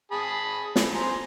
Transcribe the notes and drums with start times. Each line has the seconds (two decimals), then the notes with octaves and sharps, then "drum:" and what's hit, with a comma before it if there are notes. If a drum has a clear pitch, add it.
0.12 G#4 A5 B5
0.76 drum: snare
0.95 C5 G#5 A#5